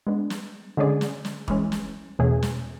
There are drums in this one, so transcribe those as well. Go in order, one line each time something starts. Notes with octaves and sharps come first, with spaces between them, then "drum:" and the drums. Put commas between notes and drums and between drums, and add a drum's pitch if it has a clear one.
G#3 B3 D4
drum: snare
D3 G#3 C#4 G#4 D5
drum: snare
drum: snare
E3 G#3 C#4, drum: kick
drum: snare
E2 B2 A3 C#4 G#4
drum: snare